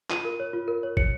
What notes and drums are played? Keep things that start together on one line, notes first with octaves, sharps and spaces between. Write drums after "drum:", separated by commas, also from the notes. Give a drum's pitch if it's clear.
F4 D#7, drum: clap
A#4
C#5
F4
A#4
C#5
C#5 C#7, drum: kick